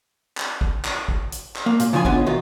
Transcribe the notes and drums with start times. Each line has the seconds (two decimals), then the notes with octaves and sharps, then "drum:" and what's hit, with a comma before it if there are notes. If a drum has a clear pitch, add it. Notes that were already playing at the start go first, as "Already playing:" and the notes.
0.37 drum: clap
0.61 drum: kick
0.85 drum: clap
1.08 drum: kick
1.32 drum: hi-hat
1.56 drum: clap
1.66 A#3
1.80 A#2, drum: hi-hat
1.93 C#3 F3 F4 G#5 B5
2.05 A2 D3 G#3 B3 C#4 F4, drum: kick
2.26 B2 D#3 E3 D#4 F4